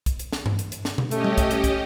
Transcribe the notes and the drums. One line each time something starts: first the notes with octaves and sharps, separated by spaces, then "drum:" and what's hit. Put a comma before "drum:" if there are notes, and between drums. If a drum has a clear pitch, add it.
drum: kick, hi-hat
drum: hi-hat
drum: snare
drum: tom G2
drum: hi-hat
drum: hi-hat
drum: snare
drum: tom B2
A3 C#4 G4 D#5, drum: hi-hat
drum: tom G3
drum: kick, hi-hat
drum: hi-hat
drum: kick, hi-hat